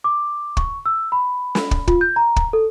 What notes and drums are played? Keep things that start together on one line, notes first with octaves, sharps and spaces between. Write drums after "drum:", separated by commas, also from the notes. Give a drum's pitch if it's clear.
D6
C#6, drum: kick
E6
B5
drum: snare
drum: kick
F4, drum: kick
G6
A#5
drum: kick
A4